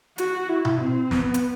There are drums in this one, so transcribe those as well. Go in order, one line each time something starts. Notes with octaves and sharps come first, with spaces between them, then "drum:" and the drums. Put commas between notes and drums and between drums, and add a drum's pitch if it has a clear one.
F#4, drum: hi-hat
E4
drum: tom B2
C4
B3, drum: snare
drum: hi-hat